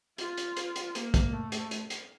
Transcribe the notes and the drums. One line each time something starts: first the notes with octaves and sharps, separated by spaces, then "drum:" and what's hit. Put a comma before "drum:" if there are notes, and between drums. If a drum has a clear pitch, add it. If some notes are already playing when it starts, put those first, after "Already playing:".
F4, drum: hi-hat
drum: hi-hat
drum: hi-hat
drum: hi-hat
A#3, drum: hi-hat
drum: kick, hi-hat
A3
drum: hi-hat
drum: hi-hat
drum: hi-hat